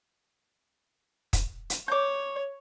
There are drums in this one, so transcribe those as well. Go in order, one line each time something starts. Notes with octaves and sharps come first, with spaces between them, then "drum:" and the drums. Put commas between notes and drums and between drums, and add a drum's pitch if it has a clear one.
drum: kick, hi-hat
drum: hi-hat
C#5 D6 G6